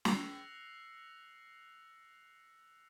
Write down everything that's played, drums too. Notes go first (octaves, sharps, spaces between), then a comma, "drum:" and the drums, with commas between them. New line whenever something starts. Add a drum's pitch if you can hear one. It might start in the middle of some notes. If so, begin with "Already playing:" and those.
E6 F#6 A#6 C7 C#7 F7, drum: snare